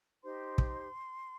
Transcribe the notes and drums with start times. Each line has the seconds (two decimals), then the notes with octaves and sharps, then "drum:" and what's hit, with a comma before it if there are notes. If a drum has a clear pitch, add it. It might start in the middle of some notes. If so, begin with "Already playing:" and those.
0.22 D#4 G4 C5 C6
0.58 drum: kick